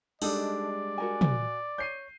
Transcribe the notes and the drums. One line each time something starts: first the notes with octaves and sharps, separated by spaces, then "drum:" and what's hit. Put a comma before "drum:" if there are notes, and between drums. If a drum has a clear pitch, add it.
G3 G#3 D4 D#4 A4 D5, drum: open hi-hat
F#4 A#4 G#5
drum: tom
C#5 G6 C7 D#7